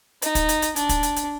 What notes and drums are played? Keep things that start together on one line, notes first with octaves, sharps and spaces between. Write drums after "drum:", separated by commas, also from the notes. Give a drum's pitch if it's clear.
D#4, drum: hi-hat
drum: kick, hi-hat
drum: hi-hat
drum: hi-hat
D4, drum: hi-hat
drum: kick, hi-hat
drum: hi-hat
drum: hi-hat